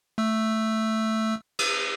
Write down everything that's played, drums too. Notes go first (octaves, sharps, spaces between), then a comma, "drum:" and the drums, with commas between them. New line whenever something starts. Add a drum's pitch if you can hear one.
A3 E6
drum: cymbal